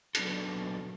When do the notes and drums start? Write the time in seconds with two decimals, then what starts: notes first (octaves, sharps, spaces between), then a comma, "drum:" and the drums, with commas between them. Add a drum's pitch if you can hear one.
0.15 F#3 B3 D4 A4, drum: hi-hat